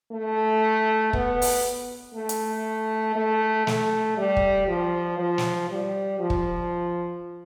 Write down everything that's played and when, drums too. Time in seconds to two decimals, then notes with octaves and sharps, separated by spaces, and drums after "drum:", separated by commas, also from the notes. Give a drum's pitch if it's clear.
0.12 A3
1.13 B3, drum: kick
1.42 drum: open hi-hat
2.15 A3
2.29 drum: hi-hat
3.15 A3
3.67 A3, drum: snare
4.17 G3
4.37 drum: kick
4.68 F3
5.18 F3
5.38 drum: snare
5.70 G3
6.20 F3
6.30 drum: kick